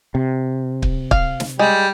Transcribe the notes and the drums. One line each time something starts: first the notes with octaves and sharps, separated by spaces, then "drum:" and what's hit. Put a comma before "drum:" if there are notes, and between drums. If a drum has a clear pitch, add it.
C3
drum: kick
F5, drum: kick
drum: snare
G3 G#3